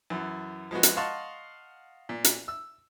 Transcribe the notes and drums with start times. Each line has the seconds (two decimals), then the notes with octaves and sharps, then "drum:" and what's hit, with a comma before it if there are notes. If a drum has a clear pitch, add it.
0.10 F#2 E3
0.71 F3 G#3 B3 F#4
0.83 drum: hi-hat
0.97 D#5 F5 F#5 A5 C6 C#6
2.09 A#2
2.24 drum: hi-hat
2.48 E6